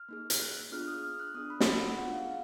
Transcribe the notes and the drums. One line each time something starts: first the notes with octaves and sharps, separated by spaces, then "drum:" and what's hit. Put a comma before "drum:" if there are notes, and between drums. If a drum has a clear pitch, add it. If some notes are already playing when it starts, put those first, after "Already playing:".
Already playing: F6
A#3 D#4 G#4
drum: hi-hat
F#6
F#6
B3 D4 F4 G#4 F6
D#6
F6
F#6
B3 D4 G#4 D#6
B5
drum: snare
F#5
B3 D4 F4 G#4 F#5
F5